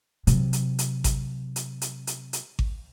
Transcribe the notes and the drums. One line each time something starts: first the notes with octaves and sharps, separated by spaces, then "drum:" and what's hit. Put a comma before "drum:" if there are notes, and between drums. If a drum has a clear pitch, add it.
C3 F#3, drum: hi-hat
drum: hi-hat
drum: hi-hat
drum: kick G#1, hi-hat
drum: hi-hat
drum: hi-hat
drum: hi-hat
drum: hi-hat
drum: kick G#1